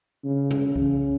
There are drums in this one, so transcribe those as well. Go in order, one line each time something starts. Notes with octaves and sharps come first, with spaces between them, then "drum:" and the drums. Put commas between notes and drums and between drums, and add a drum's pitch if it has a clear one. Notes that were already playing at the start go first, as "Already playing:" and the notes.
C#3
drum: tom
C#3, drum: kick C2